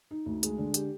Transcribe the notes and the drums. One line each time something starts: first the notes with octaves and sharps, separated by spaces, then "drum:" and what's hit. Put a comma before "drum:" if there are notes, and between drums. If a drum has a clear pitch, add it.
D#4
D2
G#3, drum: hi-hat
D3
G4, drum: hi-hat